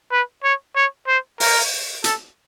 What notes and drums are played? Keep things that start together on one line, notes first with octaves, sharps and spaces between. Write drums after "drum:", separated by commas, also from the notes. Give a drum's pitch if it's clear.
B4
C#5
C#5
C5
A#4, drum: open hi-hat
A4, drum: hi-hat